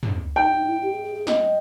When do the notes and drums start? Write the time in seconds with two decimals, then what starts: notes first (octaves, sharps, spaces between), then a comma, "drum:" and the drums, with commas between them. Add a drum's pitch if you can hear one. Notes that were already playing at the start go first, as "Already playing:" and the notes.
0.03 drum: tom
0.36 D#4 G5
0.51 D#4
0.67 E4
0.82 G4
0.92 G#4
1.04 G#4
1.14 G#4
1.27 D#5, drum: snare